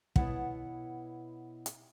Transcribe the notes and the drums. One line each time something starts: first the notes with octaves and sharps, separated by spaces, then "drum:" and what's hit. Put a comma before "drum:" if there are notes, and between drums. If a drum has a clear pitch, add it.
B2 B3 E4 C#5 F#5, drum: kick
drum: hi-hat